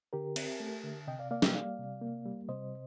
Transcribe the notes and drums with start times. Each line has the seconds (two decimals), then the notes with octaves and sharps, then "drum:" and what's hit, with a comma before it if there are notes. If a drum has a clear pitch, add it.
0.13 D3 G4 A#4
0.36 C4, drum: cymbal
0.60 A3
0.84 D3
1.07 C3 D#5 G5
1.19 D5 F5
1.31 A#3 D5 F5
1.42 D#5 G5, drum: snare
1.54 G3 D5 F5
1.79 C3
2.02 A#3
2.26 G3
2.49 C3 C5 D#5